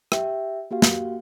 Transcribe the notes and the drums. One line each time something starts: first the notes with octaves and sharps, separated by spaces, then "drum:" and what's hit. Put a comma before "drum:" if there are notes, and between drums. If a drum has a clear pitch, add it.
G4 E5 G5, drum: rim click
A#3 F#4 G4 F5
drum: snare